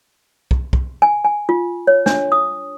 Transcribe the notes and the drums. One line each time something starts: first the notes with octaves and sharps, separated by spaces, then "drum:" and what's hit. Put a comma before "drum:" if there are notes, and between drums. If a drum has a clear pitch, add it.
drum: kick
drum: kick
G#5
G#5
F4
C#5
D4, drum: snare
D#6